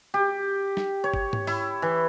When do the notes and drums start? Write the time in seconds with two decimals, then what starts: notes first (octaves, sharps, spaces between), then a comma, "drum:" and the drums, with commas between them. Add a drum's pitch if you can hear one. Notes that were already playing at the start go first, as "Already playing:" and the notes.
0.14 G4
0.77 drum: snare
1.04 C#5
1.14 drum: kick
1.33 drum: tom G#2
1.47 E4, drum: open hi-hat
1.82 E3